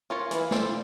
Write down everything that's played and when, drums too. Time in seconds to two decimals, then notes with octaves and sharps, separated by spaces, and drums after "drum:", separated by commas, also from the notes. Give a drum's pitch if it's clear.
0.10 C#4 F4 A#4 C#5
0.31 E3 A#3, drum: hi-hat
0.51 D4 F4 A4 C5, drum: snare